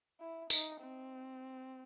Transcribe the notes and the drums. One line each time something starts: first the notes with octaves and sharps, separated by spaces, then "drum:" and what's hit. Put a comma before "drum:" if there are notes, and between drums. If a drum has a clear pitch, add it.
E4
D#4, drum: tambourine
C4